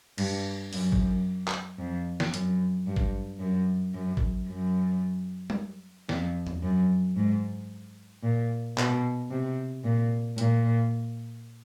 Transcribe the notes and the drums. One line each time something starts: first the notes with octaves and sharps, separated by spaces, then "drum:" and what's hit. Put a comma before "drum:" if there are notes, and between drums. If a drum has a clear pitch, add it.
G2, drum: cymbal
F#2, drum: open hi-hat
drum: kick
drum: clap
F2
drum: snare
F#2, drum: hi-hat
G2
drum: kick
F#2
F#2
drum: kick
F#2
drum: tom G3
F2, drum: snare
drum: tom E2
F#2
G#2
A#2
B2, drum: clap
C3
A#2
A#2, drum: hi-hat